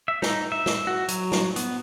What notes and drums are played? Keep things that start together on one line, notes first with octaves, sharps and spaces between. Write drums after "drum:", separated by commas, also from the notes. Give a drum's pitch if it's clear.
E5
D#4, drum: snare
E5
drum: snare
F#4
F#3, drum: hi-hat
drum: snare
B3, drum: hi-hat